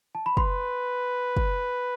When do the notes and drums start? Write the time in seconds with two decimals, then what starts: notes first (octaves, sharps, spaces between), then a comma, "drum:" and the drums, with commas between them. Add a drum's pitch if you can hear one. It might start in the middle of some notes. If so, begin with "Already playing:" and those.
0.15 A5
0.26 B5
0.37 B4 C6, drum: kick
1.37 drum: kick